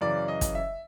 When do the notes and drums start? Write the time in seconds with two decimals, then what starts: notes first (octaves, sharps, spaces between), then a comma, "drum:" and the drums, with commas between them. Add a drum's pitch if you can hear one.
0.01 F#2 C#3 E3 D5
0.28 D#5
0.41 drum: kick, hi-hat
0.55 E5